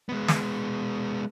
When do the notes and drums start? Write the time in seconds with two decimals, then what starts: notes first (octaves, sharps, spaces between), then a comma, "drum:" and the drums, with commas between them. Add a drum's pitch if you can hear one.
0.09 G#3 B3
0.28 drum: snare